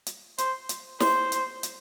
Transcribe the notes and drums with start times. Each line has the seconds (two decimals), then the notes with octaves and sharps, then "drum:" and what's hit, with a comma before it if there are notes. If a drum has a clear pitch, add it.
0.06 drum: hi-hat
0.38 C5, drum: hi-hat
0.69 drum: hi-hat
1.00 C5, drum: snare
1.32 drum: hi-hat
1.63 drum: hi-hat